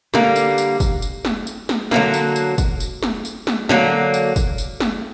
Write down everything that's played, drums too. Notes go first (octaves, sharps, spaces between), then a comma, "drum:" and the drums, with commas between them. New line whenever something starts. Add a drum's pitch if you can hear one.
D3 G3 A#3, drum: snare
drum: tambourine
drum: tambourine
drum: kick, tambourine
drum: tambourine
drum: snare
drum: tambourine
drum: snare
D3 F#3 A#3, drum: snare
drum: tambourine
drum: tambourine
drum: kick, tambourine
drum: tambourine
drum: snare
drum: tambourine
drum: snare
D3 F#3 A#3, drum: snare
drum: tambourine
drum: kick, tambourine
drum: tambourine
drum: snare